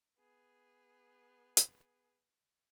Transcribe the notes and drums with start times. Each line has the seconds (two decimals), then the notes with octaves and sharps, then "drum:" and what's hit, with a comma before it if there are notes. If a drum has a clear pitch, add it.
0.19 B3 G#4
1.57 drum: hi-hat